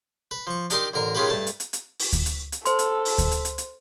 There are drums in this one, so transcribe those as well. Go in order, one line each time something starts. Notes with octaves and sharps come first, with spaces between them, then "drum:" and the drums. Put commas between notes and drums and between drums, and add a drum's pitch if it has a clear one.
B4
F3 C#6
D4 D#4 G4 A#4 D#5 C6, drum: hi-hat
A1 D3 A#4 A#5
D#3 G#3 C#4 F4 G4 B4
G2 A3 A5
drum: hi-hat
drum: hi-hat
drum: hi-hat
drum: open hi-hat
drum: kick D2, hi-hat
drum: hi-hat
drum: hi-hat
A4 C5 C6, drum: hi-hat
drum: hi-hat
drum: open hi-hat
drum: kick D2, hi-hat
drum: hi-hat
drum: hi-hat
drum: hi-hat